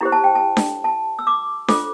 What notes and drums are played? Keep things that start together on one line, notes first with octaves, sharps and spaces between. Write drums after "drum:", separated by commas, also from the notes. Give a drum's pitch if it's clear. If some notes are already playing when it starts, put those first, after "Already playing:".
E4 G4 C5 A#5
A5
G5
A5
drum: snare D4
A5
E6
D6
F4 A4 C5 D6, drum: snare D4